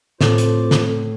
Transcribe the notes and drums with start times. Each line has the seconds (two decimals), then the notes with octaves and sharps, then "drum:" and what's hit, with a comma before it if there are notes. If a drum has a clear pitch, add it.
0.21 A2 C4 F4 A4 C5 D6, drum: snare
0.38 drum: hi-hat
0.71 drum: snare